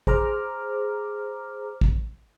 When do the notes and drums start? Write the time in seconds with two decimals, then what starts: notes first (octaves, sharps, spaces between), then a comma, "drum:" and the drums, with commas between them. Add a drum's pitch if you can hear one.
0.07 G#4 C5 A#5 D6 F6, drum: kick
1.81 drum: kick